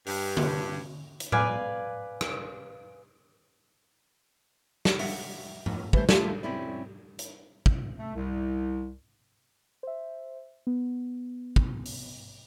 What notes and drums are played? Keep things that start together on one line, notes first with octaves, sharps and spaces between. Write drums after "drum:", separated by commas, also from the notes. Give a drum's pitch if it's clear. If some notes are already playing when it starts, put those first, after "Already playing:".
G2, drum: open hi-hat
drum: tom D3
drum: hi-hat
B4 D5 F5 G#5, drum: tom A2
drum: rim click
drum: snare
E5 F#5, drum: open hi-hat
drum: tom G#2
E3 G3 A3 C5, drum: kick
D#2 A3 F4 G4, drum: snare
C4 C#4 E4 D5
drum: hi-hat
drum: kick
A3
C2
C5 E5
B3
drum: kick
drum: open hi-hat